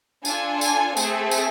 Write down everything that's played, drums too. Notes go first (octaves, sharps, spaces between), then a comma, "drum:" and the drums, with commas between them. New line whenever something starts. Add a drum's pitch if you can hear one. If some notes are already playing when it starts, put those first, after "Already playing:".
D4 F4 A4 G#5, drum: tambourine
G#5, drum: tambourine
A3 C4 G#4 A4, drum: tambourine
drum: tambourine